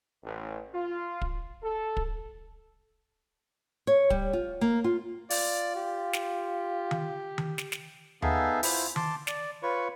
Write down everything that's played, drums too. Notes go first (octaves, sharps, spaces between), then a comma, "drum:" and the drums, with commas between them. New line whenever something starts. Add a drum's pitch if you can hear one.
A1
F4
drum: kick
A4
drum: kick
C#5
G3, drum: kick
F4
A#3
F4
F4 D5, drum: open hi-hat
G4
drum: snare
drum: tom D#3
drum: tom D#3
drum: snare
drum: snare
B3 D#4 G#4 A4 E5 F5, drum: tom D#2
E4 F4 C5 E5, drum: open hi-hat
A5 C6 D6, drum: tom D#3
D5, drum: snare
F4 B4 C#5 C#6